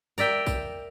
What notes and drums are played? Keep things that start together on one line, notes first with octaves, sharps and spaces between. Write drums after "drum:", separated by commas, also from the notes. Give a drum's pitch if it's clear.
A#4 D5 E5 G5, drum: tambourine
drum: kick B1, tambourine